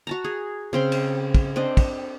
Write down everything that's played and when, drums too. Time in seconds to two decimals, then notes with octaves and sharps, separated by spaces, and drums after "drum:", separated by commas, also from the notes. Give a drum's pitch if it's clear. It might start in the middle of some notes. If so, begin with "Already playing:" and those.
0.07 F#4 A5 A#5
0.25 G#4
0.73 C#3 C4 C6
0.92 drum: cymbal
1.34 drum: kick, cymbal
1.56 C4 D4 D#5
1.77 drum: kick, cymbal